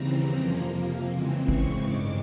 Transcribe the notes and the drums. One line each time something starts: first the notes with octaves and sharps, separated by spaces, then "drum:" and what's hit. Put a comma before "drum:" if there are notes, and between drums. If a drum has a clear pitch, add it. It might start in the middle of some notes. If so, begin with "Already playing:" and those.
Already playing: D#2 C#3 E3 G3 C4 A#5
F2 C3 F3 A#3
C#3 E3 G#3 C4
C#6, drum: kick
drum: tom A2
G2 D#3 G#3 D6
drum: tom A2